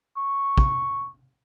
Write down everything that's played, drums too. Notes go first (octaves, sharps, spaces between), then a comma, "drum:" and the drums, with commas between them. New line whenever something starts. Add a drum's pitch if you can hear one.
C#6
drum: kick